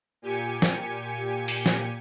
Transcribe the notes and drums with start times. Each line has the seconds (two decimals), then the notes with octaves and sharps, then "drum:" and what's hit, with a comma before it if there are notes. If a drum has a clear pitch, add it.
0.22 A#2 G4 G#5 C#7
0.62 drum: snare
1.48 drum: open hi-hat
1.66 drum: snare